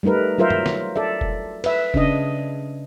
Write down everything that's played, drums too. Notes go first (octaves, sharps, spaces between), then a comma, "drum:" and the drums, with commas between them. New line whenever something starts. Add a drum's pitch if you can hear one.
G3 A3 D#4 A#4 B4
F#3 F4 A#4 C5 E5
drum: tom F#2
drum: snare
A4 D5 E5
drum: kick F1
B4 E5, drum: cymbal
C#3 D4 D#5, drum: kick F1